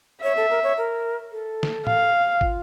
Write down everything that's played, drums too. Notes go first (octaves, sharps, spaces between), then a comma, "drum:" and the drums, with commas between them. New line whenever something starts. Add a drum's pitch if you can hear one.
C#5 E5
A4
A#4
C#5
A#4
A4
drum: snare
F5, drum: tom A2
F4, drum: kick